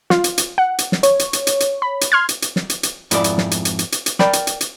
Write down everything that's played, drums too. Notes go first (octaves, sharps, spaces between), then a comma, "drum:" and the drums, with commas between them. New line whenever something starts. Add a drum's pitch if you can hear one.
F4, drum: snare
drum: hi-hat
drum: hi-hat
F#5
drum: hi-hat
drum: snare
C#5, drum: hi-hat
drum: hi-hat
drum: hi-hat
drum: hi-hat
drum: hi-hat
B5
drum: hi-hat
C6 F6 G#6
drum: hi-hat
drum: hi-hat
drum: snare
drum: hi-hat
drum: hi-hat
F2 G#2 E4 D5, drum: hi-hat
drum: hi-hat
drum: snare
drum: hi-hat
drum: hi-hat
drum: hi-hat
drum: hi-hat
drum: hi-hat
A#4 D5 G5 A5 B5, drum: snare
drum: hi-hat
drum: hi-hat
drum: hi-hat